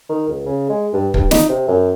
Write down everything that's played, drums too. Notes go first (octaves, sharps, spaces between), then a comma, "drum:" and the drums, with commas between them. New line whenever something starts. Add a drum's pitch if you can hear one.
D#3
C#2
C#3
G#3
G2
G2, drum: kick
D#4, drum: snare
C3
F#2